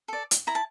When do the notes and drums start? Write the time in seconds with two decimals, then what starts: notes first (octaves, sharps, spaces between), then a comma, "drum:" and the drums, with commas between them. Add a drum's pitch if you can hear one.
0.08 A4 D5
0.31 drum: hi-hat
0.47 E4 A#5
0.55 A5